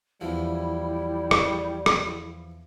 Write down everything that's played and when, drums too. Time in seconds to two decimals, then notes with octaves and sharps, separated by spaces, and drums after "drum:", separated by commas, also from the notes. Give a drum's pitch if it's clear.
0.21 E2 F3 G3 E4
1.31 drum: rim click
1.86 drum: rim click